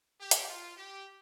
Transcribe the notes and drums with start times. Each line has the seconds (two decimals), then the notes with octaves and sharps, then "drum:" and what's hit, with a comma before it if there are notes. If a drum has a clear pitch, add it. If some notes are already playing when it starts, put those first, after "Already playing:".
0.21 G4
0.31 drum: hi-hat
0.49 F4
0.77 G4